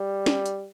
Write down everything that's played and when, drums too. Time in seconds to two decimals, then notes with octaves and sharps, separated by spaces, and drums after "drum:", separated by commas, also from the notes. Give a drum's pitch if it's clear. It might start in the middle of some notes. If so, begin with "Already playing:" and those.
Already playing: G3
0.26 drum: snare
0.46 drum: hi-hat